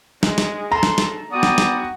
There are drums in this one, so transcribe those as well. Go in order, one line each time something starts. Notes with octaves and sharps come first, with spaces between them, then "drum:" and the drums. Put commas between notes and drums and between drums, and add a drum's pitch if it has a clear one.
G#3, drum: snare
drum: snare
A4 A#5 C6
drum: snare
drum: snare
B3 F#4 D5 G5 D#6
drum: snare
drum: snare